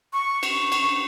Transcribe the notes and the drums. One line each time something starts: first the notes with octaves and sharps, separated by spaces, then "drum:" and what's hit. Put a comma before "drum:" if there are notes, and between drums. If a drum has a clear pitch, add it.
C#6
drum: cymbal
drum: cymbal